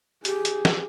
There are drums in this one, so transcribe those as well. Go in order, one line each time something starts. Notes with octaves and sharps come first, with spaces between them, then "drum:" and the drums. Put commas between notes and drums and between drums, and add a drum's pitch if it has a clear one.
G4 G#4, drum: hi-hat
drum: hi-hat
drum: snare